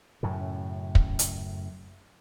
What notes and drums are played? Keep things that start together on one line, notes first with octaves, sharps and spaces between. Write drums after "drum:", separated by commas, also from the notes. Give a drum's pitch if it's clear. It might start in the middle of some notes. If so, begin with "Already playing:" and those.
F#2 A2 C#3
drum: kick
drum: hi-hat